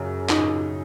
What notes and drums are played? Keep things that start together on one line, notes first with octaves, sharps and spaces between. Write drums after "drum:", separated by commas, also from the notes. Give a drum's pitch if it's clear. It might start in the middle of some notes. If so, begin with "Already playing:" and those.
Already playing: F#2 C#3
D#4, drum: clap